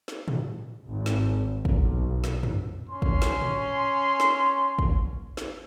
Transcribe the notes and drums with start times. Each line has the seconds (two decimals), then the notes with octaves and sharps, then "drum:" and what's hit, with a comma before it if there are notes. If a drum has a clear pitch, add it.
0.08 drum: snare
0.28 drum: tom
0.86 G#1
1.06 drum: snare
1.65 B1, drum: kick
2.24 drum: snare
2.43 drum: tom
2.89 C#4 C6
3.02 drum: kick
3.22 drum: snare
3.41 drum: tom
4.20 drum: snare
4.79 drum: kick
5.37 drum: snare